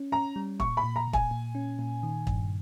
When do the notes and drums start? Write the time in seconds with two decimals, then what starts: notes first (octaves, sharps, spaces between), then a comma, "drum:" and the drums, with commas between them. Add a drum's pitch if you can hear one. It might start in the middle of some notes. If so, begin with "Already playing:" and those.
Already playing: C#4
0.12 C#4 A#5
0.36 G3
0.60 A#2 C#6, drum: kick
0.77 B5
0.83 A#2
0.96 A#5
1.08 A#2
1.13 G#5, drum: kick
1.31 A#2
1.55 C#4
1.79 A#2
2.03 D#3
2.27 G2, drum: kick